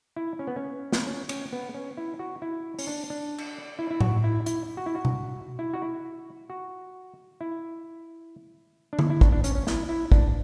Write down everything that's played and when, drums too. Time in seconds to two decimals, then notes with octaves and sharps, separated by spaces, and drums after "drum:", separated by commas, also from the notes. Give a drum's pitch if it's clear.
0.16 E4
0.39 C#4
0.47 B3
0.56 C#4
0.92 drum: snare
1.07 C#4
1.29 C#4, drum: cymbal
1.53 B3
1.74 C#4
1.97 E4
2.19 F#4
2.42 E4
2.79 C#4, drum: open hi-hat
2.87 D4
3.10 D4
3.38 drum: cymbal
3.79 E4
3.91 E4
4.00 F#4, drum: tom A2
4.24 E4
4.46 E4, drum: hi-hat
4.77 F#4
4.86 E4
4.95 F#4
5.05 drum: tom B2
5.59 E4
5.74 F#4
5.82 E4
6.50 F#4
7.41 E4
8.93 D4
8.99 E4, drum: tom
9.10 E4
9.21 D4, drum: kick
9.32 D4
9.44 C#4, drum: hi-hat
9.55 C#4
9.67 E4, drum: snare
9.89 E4
10.12 D4, drum: kick